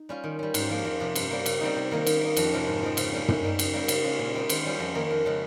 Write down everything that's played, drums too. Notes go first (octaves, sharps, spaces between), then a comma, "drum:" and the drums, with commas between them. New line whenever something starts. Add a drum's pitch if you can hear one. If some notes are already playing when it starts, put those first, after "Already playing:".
Already playing: D#4
G3 C#4 F4
D#3
G3 C#4
G#2, drum: cymbal
F3 A#3 F4
F2
C3 F3
G2, drum: cymbal
G3 A#3
C#3, drum: cymbal
G3 C4 D#4
C3
D#3 A#3 D#4
D#3, drum: cymbal
A#3 D#4
F2, drum: cymbal
C3 F3 A#3 C#4
G#2
F3 C4 D#4
C#3, drum: cymbal
G3 A#3 C#4
G#2, drum: tom
G3 A#3 D#4
C#3, drum: cymbal
G3 A#3
C#3, drum: cymbal
G#3 C#4 F4
A#2
G#3 C4 D#4
D#3, drum: cymbal
G3 C#4 F4
F2
D#3 A#3 D#4
F2
C#3 G#3